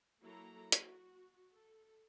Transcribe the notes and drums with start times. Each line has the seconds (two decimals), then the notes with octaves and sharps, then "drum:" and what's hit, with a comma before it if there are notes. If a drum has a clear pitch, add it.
0.20 F#3 A#3 E4 A4 A#5
0.72 F#4, drum: hi-hat
1.51 A4